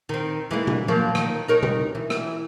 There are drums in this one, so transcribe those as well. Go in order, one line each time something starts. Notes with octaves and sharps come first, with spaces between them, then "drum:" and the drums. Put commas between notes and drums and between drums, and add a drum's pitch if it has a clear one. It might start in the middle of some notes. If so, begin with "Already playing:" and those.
D#3 C4
E3 G#3 A#3
drum: tom B2
F3 F#3 A#3
D#3, drum: rim click
D#4 A#4 C#5
drum: tom B2
E3
drum: rim click